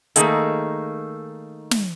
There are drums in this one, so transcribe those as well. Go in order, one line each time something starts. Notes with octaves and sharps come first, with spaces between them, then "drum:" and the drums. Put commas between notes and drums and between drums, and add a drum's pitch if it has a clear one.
D#3 A3 A#3 D#4 G#4 A4, drum: hi-hat
drum: snare